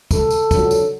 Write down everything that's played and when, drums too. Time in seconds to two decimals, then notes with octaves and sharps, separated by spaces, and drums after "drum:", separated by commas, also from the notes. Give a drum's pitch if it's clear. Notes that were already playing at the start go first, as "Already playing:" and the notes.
0.11 A4, drum: kick, tambourine
0.30 drum: tambourine
0.51 F2 D3 F#3, drum: kick, tambourine
0.71 drum: tambourine